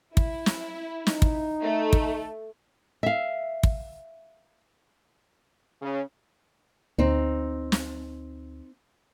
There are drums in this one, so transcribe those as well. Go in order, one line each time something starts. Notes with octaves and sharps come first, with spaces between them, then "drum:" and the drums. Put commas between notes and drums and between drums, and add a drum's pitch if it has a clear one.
E4, drum: kick
drum: snare
D#4, drum: snare
drum: kick
A3
drum: kick
E5 F5
drum: kick
C#3
D2 C4 D#4
drum: snare